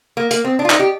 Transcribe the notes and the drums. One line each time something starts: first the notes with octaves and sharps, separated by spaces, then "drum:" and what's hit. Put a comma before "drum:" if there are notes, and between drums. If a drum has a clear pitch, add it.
A#3
A#3, drum: hi-hat
C4
D4
F4
D#4, drum: clap
G4